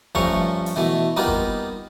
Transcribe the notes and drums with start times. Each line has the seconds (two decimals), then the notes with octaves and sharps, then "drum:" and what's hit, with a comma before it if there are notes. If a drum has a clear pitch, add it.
0.15 G2 F3 A3 C#4 A#5 C#6, drum: kick F#1
0.66 drum: open hi-hat
0.76 B2 E3 A3
1.16 G3 A#3 B3 D#4 F4
1.27 drum: kick F#1